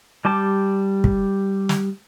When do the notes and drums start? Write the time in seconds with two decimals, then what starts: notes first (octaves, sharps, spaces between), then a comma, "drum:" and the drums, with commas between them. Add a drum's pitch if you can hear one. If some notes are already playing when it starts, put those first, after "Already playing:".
0.25 G3 G4 A5 D6
1.04 drum: kick
1.69 drum: snare